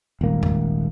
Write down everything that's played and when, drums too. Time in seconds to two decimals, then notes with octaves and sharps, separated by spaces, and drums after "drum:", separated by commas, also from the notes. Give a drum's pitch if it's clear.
0.21 D#1 G#1 A#3
0.43 drum: tom